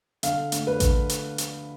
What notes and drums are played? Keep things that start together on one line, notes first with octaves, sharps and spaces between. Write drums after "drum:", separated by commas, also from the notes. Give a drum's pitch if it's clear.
D3 F5, drum: hi-hat
D2, drum: hi-hat
B4
D3, drum: kick A1, hi-hat
drum: hi-hat
drum: hi-hat